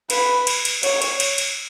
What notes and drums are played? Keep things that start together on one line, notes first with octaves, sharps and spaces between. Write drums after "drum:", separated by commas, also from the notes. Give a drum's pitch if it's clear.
B4, drum: cymbal
drum: cymbal
drum: cymbal
C#5, drum: cymbal
drum: cymbal
drum: cymbal
drum: cymbal